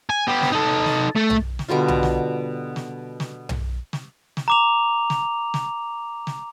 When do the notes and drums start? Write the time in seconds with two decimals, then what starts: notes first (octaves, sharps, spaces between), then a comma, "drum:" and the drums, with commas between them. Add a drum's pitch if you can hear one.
0.10 G#5
0.27 B3 G4
0.42 drum: snare
0.52 D#4 A4
0.86 drum: snare
1.16 A3
1.30 drum: tom B1
1.59 drum: snare
1.69 B2 D3 G3 F4
1.88 drum: tom B1
2.03 drum: snare
2.76 drum: snare
3.20 drum: snare
3.49 drum: tom B1
3.93 drum: snare
4.37 drum: snare
4.48 A#5 D6 F7
5.10 drum: snare
5.54 drum: snare
6.27 drum: snare